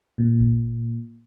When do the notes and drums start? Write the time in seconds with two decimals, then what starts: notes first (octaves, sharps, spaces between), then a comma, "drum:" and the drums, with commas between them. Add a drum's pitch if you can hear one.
0.18 A#2
0.40 drum: kick G1